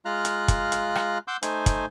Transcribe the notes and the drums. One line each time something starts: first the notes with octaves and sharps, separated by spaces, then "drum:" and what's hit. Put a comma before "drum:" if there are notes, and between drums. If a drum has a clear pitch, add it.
G#3 F4 F5 A#5 F6 F#6
drum: hi-hat
drum: kick, hi-hat
drum: hi-hat
drum: rim click
F#5 C6 D6 E6 G6
A3 D#4 C5 G#5, drum: hi-hat
drum: kick, hi-hat